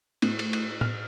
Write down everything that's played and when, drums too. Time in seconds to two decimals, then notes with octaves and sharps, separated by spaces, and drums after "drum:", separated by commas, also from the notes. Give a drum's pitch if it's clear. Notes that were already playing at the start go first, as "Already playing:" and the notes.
0.22 A2, drum: cymbal
0.39 drum: cymbal
0.53 drum: cymbal
0.81 F6, drum: tom A2